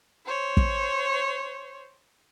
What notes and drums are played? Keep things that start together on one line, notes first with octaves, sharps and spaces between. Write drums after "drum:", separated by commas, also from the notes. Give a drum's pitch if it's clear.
C5 C#5
drum: kick